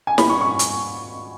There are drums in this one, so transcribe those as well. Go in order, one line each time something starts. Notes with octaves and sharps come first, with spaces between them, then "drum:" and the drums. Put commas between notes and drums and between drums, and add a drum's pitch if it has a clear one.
G#5
B5, drum: snare
C#6
C#6
drum: hi-hat